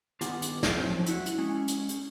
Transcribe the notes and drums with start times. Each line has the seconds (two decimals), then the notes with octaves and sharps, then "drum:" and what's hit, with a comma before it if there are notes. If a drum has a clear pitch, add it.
0.21 G2 D#3 B3 F4 G4 B4, drum: hi-hat
0.42 drum: hi-hat
0.63 drum: snare
0.78 A2 F3 F#3 C4
1.06 E4 F#4, drum: hi-hat
1.26 drum: hi-hat
1.38 G#3 C#4
1.68 drum: hi-hat
1.89 drum: hi-hat